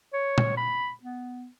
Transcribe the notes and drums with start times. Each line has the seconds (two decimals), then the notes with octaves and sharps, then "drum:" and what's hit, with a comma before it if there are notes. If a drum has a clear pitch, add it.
0.13 C#5
0.38 drum: tom A#2
0.57 B5
1.03 B3